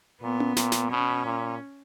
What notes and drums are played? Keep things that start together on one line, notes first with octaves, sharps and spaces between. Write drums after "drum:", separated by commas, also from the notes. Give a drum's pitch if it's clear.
A#2 B3
drum: tom C#4
A#2, drum: snare
drum: snare
B2 C#4
A#2